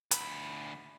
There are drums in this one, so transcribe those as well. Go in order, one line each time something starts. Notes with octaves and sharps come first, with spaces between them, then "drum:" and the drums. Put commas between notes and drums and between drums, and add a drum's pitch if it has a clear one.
D2 B5, drum: hi-hat